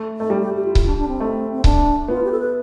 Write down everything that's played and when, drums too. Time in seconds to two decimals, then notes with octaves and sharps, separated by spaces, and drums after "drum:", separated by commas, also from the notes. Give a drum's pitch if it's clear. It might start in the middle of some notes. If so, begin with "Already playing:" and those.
Already playing: A3
0.20 A3
0.30 G3
0.42 G4
0.56 G4
0.65 F4
0.75 F4, drum: kick C#1
0.86 D4
0.98 D4
1.08 C4
1.20 A3
1.52 C4
1.64 D4, drum: kick C#1
2.08 B3 F4
2.24 G4
2.32 A4
2.39 B4